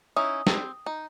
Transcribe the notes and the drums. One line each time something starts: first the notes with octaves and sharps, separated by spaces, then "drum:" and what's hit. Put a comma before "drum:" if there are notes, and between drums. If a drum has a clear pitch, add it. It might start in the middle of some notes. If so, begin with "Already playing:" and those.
C#4 D#4 E4 D#6
C4, drum: snare
D#4